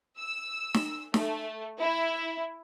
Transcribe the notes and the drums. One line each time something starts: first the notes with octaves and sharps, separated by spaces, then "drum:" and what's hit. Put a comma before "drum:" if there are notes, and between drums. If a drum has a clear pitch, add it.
E6
drum: snare
A3, drum: snare
E4